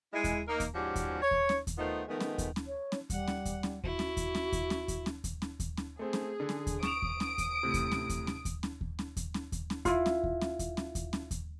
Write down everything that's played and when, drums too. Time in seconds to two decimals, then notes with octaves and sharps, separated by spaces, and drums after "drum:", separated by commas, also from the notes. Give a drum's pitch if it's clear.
0.13 G#3 E4
0.24 drum: kick D#2, hi-hat
0.48 A#3 D#4 A#4
0.60 drum: kick D#2, hi-hat
0.74 G#2 F3 C#4 F#4 G4 D5
0.96 drum: kick D#2, hi-hat
1.22 C#5
1.31 drum: kick D#2
1.49 drum: snare C#4
1.67 drum: kick D#2, hi-hat
1.78 D#3 A3 B3 D#4 F4 C5
2.08 D#3 F3 G#3 A3 B3
2.20 drum: snare C#4
2.38 drum: kick D#2, hi-hat
2.56 drum: snare C#4
2.67 C#5
2.92 drum: snare C#4
3.10 G3 F#5, drum: kick D#2, hi-hat
3.28 drum: snare C#4
3.45 drum: kick D#2, hi-hat
3.63 drum: snare C#4
3.84 E4 F#4, drum: kick D#2
3.99 drum: snare C#4
4.17 drum: kick D#2, hi-hat
4.35 drum: snare C#4
4.53 drum: kick D#2, hi-hat
4.70 drum: snare C#4
4.88 drum: kick D#2, hi-hat
5.06 drum: snare C#4
5.24 drum: kick D#2, hi-hat
5.42 drum: snare C#4
5.60 drum: kick D#2, hi-hat
5.77 drum: snare C#4
5.99 A3 C4 G#4
6.13 drum: snare C#4
6.40 D3
6.49 drum: snare C#4
6.67 drum: kick D#2, hi-hat
6.83 C#6 D#6 D7 E7 F7, drum: snare C#4
7.02 drum: kick D#2
7.20 drum: snare C#4
7.38 drum: kick D#2, hi-hat
7.63 A2 C3
7.74 drum: kick D#2, hi-hat
7.92 drum: snare C#4
8.09 drum: kick D#2, hi-hat
8.27 drum: snare C#4
8.45 drum: kick D#2, hi-hat
8.63 drum: snare C#4
8.81 drum: kick D#2
8.99 drum: snare C#4
9.17 drum: kick D#2, hi-hat
9.34 drum: snare C#4
9.52 drum: kick D#2, hi-hat
9.70 drum: snare C#4
9.85 E4 F4, drum: kick D#2, hi-hat
10.06 drum: snare C#4
10.24 drum: kick D#2
10.41 drum: snare C#4
10.59 drum: kick D#2, hi-hat
10.77 drum: snare C#4
10.95 drum: kick D#2, hi-hat
11.13 drum: snare C#4
11.31 drum: kick D#2, hi-hat